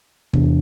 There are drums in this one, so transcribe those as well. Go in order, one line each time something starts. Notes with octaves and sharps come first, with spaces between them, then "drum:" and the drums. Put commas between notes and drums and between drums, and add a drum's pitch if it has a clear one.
E2 C3 E3 B3 D4, drum: kick